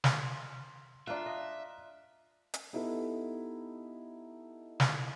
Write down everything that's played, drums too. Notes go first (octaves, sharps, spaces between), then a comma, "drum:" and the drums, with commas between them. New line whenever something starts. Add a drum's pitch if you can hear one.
C6, drum: snare
D4 F4 D5 E5 A#5 F#6
D#5
drum: hi-hat
B3 D#4 E4 G4 A4
drum: snare